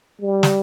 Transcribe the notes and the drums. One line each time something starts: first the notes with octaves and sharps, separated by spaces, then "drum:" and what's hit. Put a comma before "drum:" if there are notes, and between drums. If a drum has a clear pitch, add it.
G3
drum: snare